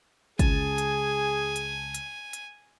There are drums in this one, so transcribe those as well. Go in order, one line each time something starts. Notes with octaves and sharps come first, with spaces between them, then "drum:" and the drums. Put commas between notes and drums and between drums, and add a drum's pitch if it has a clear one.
C#2 G#4 G#5 A5, drum: kick, hi-hat
drum: hi-hat
drum: hi-hat
drum: hi-hat
drum: hi-hat